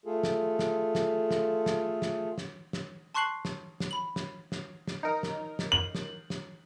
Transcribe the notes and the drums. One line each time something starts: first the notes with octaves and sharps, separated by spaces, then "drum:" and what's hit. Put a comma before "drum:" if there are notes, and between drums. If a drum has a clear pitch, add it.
A3 F4 G#4 A4
drum: snare
drum: snare
drum: snare
drum: snare
drum: snare
drum: snare
drum: snare
drum: snare
A5 C6 C#6 F#6 C7 F#7
drum: snare
drum: snare
B5 F#7
drum: snare
drum: snare
drum: snare
D#4 A#4
drum: snare
drum: snare
F#7
drum: snare
drum: snare